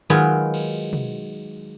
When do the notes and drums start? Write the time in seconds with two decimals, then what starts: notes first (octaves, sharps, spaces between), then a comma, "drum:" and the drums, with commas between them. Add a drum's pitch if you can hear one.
0.10 D#3 F#3 G#3 F4 G#4 B4
0.54 drum: cymbal
0.93 drum: tom